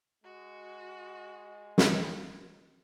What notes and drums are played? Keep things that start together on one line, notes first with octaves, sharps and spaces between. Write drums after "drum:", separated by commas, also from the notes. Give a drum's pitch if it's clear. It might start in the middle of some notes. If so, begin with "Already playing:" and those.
G#3 F#4
drum: snare